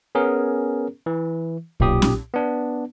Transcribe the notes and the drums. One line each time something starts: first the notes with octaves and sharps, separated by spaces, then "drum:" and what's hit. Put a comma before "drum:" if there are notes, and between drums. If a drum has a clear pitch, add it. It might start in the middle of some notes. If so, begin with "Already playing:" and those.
B3 C#4 G#4 A#4
E3
B1 A#2 G4 D#6, drum: kick A#1
drum: snare C#4
B3 D4